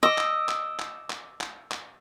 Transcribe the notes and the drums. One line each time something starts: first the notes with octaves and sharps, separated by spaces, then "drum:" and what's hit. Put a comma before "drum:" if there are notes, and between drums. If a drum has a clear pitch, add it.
D#5 D6 E6
drum: clap
drum: clap
drum: clap
drum: clap
drum: clap
drum: clap